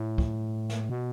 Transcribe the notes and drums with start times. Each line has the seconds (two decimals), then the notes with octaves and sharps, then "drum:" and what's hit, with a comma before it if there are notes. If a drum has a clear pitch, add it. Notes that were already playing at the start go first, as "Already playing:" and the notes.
Already playing: A2
0.18 drum: kick
0.70 drum: snare
0.89 B2